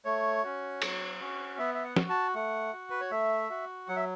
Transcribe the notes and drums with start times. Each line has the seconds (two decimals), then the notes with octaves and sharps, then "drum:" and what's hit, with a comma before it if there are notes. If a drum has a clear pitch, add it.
0.05 A3 C#5
0.43 C#4 F#4
0.82 F#3, drum: cymbal
1.20 C#4 F#4
1.58 B3 E5
1.75 E5
1.84 F#5
1.96 F#4, drum: snare
2.10 A5
2.35 A3 F#5
2.73 F#4
2.90 B4
3.01 C#5
3.11 A3 E5
3.50 F#4
3.88 F#3 F#5
3.96 E5